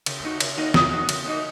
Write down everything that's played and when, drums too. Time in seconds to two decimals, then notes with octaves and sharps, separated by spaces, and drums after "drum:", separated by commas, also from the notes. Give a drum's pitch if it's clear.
0.06 C#3, drum: cymbal
0.23 A#3 D#4 F#4
0.40 C#3, drum: cymbal
0.57 A#3 D#4 F#4
0.74 C#3 D#6, drum: snare
0.92 A#3 D#4 F#4
1.09 C#3, drum: cymbal
1.26 A#3 D#4 F#4